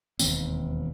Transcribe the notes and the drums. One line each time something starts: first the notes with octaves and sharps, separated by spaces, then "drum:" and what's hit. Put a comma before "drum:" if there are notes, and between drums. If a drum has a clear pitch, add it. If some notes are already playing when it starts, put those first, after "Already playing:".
E1 D#2 C4, drum: tambourine